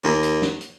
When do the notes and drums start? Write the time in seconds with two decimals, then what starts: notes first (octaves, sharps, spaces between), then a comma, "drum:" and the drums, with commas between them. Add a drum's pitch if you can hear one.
0.04 D#2, drum: tom
0.23 drum: hi-hat
0.42 drum: snare
0.61 drum: hi-hat